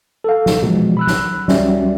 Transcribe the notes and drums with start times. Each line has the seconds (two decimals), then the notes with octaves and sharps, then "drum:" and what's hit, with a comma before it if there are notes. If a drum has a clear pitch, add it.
0.24 A4 F5
0.46 drum: snare
0.62 B2 E3 F3 G#3
0.97 B5 E6 F#6
1.07 drum: snare
1.48 C#2 F#3 G3 C#4 D5 E5, drum: snare